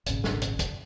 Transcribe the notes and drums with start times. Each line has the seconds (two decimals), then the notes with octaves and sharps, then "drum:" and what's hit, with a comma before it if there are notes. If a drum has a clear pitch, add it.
0.06 D#1 G#1 C#3, drum: hi-hat
0.24 drum: snare
0.42 drum: hi-hat
0.59 drum: kick, hi-hat